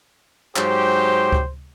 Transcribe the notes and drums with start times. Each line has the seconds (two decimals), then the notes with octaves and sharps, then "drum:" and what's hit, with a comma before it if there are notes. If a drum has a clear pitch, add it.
0.56 G#2 F#3 G4 C5, drum: clap
1.32 drum: kick C#2